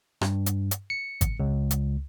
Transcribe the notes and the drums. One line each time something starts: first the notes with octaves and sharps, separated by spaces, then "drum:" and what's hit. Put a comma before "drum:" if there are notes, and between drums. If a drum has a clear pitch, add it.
G2, drum: rim click
drum: hi-hat
drum: hi-hat
C#7
drum: kick G#1, hi-hat
C#2
drum: hi-hat